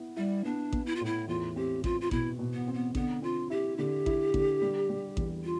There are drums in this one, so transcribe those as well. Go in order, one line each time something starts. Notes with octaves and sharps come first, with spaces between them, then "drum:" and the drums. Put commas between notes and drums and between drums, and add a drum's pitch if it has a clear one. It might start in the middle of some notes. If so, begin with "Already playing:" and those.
Already playing: B3 E4
G3 E4
B3 D4
B3, drum: kick A1
E4
F4
A2 E4
E2 F4
C4 G4
C4 F4, drum: kick A1
F4
B2 E4, drum: kick A1
B2
B3
C4
B3
D3 B3, drum: kick A1
C4 F4
E4 G4
D3 G4
E4, drum: kick A1
D3, drum: kick A1
G3
G3
E2, drum: kick A1
F4